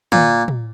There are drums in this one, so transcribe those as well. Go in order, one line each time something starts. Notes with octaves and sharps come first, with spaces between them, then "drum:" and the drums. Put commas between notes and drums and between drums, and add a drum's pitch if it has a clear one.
A#2, drum: tom
drum: tom